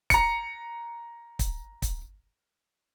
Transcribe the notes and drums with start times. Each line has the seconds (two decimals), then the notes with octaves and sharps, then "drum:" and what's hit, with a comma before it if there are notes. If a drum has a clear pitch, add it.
0.10 A#5 C#7, drum: kick, hi-hat
1.39 drum: kick, hi-hat
1.82 drum: kick, hi-hat